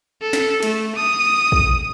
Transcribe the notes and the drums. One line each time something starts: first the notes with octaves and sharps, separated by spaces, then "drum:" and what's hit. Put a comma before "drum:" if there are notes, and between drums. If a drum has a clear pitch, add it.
A4
drum: snare
A3, drum: cymbal
D#6
drum: kick